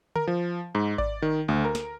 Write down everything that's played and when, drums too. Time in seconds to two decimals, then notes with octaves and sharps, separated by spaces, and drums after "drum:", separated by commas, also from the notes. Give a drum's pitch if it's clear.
0.16 A#4, drum: tom D3
0.27 F3
0.75 G#2
0.98 D5, drum: kick G#1
1.22 D#3
1.48 D2
1.65 A#4
1.75 drum: snare